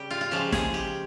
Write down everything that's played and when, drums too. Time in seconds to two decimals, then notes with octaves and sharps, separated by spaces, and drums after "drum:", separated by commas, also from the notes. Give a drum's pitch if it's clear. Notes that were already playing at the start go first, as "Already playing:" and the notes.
Already playing: C#3 G3 G4
0.11 F4
0.21 F4
0.31 C#3 F3 G#3 G4
0.52 G#4, drum: snare
0.74 G4